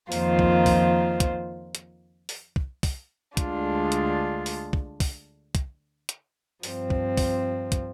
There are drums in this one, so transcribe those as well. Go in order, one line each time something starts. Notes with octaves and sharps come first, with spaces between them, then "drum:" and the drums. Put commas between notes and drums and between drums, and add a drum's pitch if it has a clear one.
F2 D#3 A#3 F4 C5, drum: open hi-hat
drum: kick
drum: kick, open hi-hat
drum: kick, hi-hat
drum: hi-hat
drum: open hi-hat
drum: kick
drum: kick, open hi-hat
D2 D3 G#3 D4 F4, drum: kick, hi-hat
drum: hi-hat
drum: open hi-hat
drum: kick
drum: kick, open hi-hat
drum: kick, hi-hat
drum: hi-hat
G2 F3 C4, drum: open hi-hat
drum: kick
drum: kick, open hi-hat
drum: kick, hi-hat